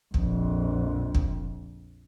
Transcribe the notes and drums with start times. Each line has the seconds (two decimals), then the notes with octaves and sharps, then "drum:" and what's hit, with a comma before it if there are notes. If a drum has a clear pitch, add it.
0.14 A#1 F2, drum: kick
1.15 drum: kick